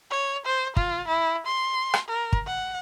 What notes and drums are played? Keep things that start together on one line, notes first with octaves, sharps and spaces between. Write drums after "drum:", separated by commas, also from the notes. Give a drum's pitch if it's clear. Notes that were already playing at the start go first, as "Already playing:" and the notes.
C#5
C5
F4, drum: kick
E4
C6
drum: rim click
A#4
drum: kick
F#5